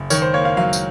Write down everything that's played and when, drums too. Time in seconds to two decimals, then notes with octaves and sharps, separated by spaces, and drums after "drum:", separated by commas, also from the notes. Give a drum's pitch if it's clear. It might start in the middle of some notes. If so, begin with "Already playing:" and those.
Already playing: F#1
0.10 D#3 C#5, drum: tambourine
0.22 C5
0.34 A#3 C#5
0.45 F5
0.57 F#3 F5
0.73 drum: tambourine